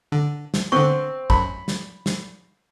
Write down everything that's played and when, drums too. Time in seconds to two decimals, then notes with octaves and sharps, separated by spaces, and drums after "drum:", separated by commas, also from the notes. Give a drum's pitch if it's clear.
0.12 D3
0.54 drum: snare
0.72 D3 B3 C4 C#6
1.30 F#2 B5, drum: kick
1.68 drum: snare
2.06 drum: snare